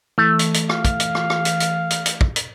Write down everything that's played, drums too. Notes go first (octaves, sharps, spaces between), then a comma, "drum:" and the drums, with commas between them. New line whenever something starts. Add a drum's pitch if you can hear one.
E3 A3
drum: hi-hat
drum: hi-hat
F5, drum: rim click
drum: kick, hi-hat
drum: hi-hat
drum: rim click
drum: rim click
drum: hi-hat
drum: hi-hat
drum: hi-hat
drum: hi-hat
drum: kick
drum: hi-hat